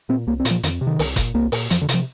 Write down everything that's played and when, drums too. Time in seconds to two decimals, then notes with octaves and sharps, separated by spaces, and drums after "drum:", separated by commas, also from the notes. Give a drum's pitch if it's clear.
0.09 A#2 C4
0.27 C2 A#3
0.40 C4
0.45 A#2, drum: hi-hat
0.51 F3
0.63 F2 D#3, drum: hi-hat
0.81 C3
0.87 D#3
0.99 C2, drum: open hi-hat
1.16 A#2, drum: kick F#1, hi-hat
1.34 C2 A#3
1.52 A#2, drum: open hi-hat
1.70 F2 F3, drum: hi-hat
1.82 D3
1.89 C3, drum: hi-hat
1.94 F3